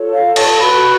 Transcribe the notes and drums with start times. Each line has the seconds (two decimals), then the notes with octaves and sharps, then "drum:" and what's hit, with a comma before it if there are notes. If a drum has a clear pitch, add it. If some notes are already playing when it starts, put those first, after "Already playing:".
Already playing: F4 A4 C#5
0.13 F5
0.36 A5, drum: cymbal
0.59 F#4 B4 B5